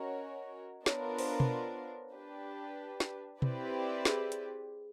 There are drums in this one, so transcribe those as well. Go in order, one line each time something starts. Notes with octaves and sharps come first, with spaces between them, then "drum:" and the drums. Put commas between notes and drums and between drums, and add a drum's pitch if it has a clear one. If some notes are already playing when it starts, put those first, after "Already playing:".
Already playing: C#4 F#4 A#4 C#5 D#5
B3 D4 F4 A#4 C#5, drum: snare
C5, drum: open hi-hat
drum: tom B2
D4 G4 B4
drum: snare
C4 E4 G4 B4 D5, drum: tom B2
G#4, drum: snare
drum: hi-hat